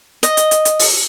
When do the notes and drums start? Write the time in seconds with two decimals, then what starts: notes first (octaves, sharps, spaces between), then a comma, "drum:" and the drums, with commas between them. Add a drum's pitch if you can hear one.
0.23 D#5, drum: hi-hat
0.37 drum: hi-hat
0.51 drum: hi-hat
0.65 drum: hi-hat
0.79 drum: open hi-hat